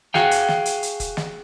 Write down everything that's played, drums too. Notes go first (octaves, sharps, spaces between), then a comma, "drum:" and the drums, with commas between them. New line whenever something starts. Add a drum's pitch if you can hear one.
F#4 G#4 F5 G5, drum: snare
drum: hi-hat
drum: snare
drum: hi-hat
drum: hi-hat
drum: kick, hi-hat
drum: snare